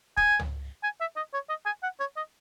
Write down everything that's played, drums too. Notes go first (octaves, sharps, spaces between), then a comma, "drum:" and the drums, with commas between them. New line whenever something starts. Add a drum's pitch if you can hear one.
G#5, drum: kick
drum: tom C#2
G#5
E5
D#5
C#5
D#5
G#5
F#5
C#5
D#5